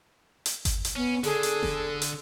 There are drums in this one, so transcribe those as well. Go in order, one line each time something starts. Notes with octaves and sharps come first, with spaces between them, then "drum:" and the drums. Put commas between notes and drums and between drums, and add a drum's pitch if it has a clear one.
drum: hi-hat
drum: kick G1, hi-hat
drum: hi-hat
B3 C#4
D3 G#4 A4, drum: open hi-hat
drum: hi-hat
drum: snare F1
drum: hi-hat